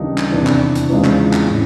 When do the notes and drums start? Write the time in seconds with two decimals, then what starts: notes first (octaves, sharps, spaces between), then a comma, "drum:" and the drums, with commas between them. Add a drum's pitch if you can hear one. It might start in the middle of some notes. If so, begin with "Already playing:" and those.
Already playing: D#2 C#3 E3 G3 D4 D#4
0.18 drum: clap
0.32 E2 C3 D#3 D4
0.47 drum: clap
0.75 drum: hi-hat
0.90 E2 C#3 F3 G#3
1.04 drum: clap
1.33 drum: clap
1.48 A2 C#4